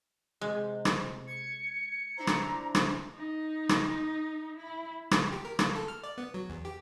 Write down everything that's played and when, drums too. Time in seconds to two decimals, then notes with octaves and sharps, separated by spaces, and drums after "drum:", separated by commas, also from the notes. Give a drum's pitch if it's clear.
0.41 C3 G#3
0.85 drum: rim click
1.27 G#6 C#7
2.18 D4 E4 C5 A#5
2.27 drum: rim click
2.75 drum: rim click
3.15 D#4
3.69 drum: rim click
4.58 E4
5.11 drum: rim click
5.32 G4
5.45 A#4
5.59 A#3, drum: rim click
5.76 A4
5.88 F6
6.04 D5
6.18 B3
6.34 F#3
6.50 E2
6.65 G4